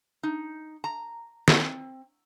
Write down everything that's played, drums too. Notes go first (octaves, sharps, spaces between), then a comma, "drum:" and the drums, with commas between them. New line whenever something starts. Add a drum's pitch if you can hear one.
D#4
A#5
C4, drum: snare